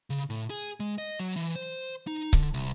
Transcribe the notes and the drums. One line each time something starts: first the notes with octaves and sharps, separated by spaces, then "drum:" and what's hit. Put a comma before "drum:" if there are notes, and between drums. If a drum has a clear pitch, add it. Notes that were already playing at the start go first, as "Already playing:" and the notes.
C#3
A2
G#4
G#3
D#5
F#3
E3
C5
D#4
D3, drum: kick C#1
C2